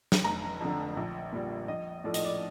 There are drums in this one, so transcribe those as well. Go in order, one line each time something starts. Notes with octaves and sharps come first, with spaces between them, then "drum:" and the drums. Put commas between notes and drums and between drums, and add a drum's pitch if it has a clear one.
drum: snare
F1 A#5
F2 D3
A#1
A#2 G3
A#1 D#5
A2 F3 A3 D5
D#5, drum: hi-hat
D5